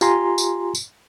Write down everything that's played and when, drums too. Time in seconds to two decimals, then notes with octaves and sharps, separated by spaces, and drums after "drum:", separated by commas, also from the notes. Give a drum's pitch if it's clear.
0.01 F4 G4 G#5 A#5 C6, drum: tambourine
0.38 drum: tambourine
0.75 drum: tambourine